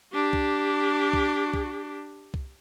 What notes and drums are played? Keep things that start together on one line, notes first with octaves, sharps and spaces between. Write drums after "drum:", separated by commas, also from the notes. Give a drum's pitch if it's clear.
D4 G4
drum: kick C2
drum: kick C2
drum: kick C2
drum: kick C2